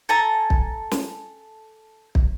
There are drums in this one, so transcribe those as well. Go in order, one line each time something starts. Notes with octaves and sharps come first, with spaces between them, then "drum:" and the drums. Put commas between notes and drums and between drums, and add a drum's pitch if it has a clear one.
A4 G#5 A#5
drum: kick
drum: snare
drum: kick